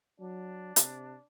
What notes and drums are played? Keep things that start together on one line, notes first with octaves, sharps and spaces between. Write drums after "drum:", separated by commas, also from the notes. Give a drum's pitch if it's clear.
F#3 D4
C3, drum: hi-hat